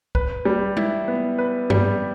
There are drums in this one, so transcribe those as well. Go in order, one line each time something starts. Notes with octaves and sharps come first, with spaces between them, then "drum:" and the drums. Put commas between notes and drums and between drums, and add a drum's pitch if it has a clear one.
B4, drum: kick B1
G3
E4, drum: tom G#3
B3
B4
G3, drum: tom G2